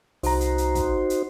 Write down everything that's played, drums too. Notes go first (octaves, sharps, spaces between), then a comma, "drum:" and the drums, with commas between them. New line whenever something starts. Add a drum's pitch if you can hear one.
C2 D#4 F#4 C5 A#5, drum: open hi-hat
drum: hi-hat
drum: hi-hat
drum: kick, hi-hat
drum: hi-hat